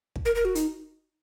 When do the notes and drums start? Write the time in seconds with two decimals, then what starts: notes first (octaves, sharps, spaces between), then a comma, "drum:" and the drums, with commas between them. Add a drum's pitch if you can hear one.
0.16 drum: kick
0.25 A#4
0.35 A#4
0.45 F#4
0.55 D#4, drum: hi-hat